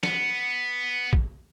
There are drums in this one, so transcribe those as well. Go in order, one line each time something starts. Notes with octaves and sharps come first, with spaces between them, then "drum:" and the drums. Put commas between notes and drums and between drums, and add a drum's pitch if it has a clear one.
B3, drum: snare
drum: kick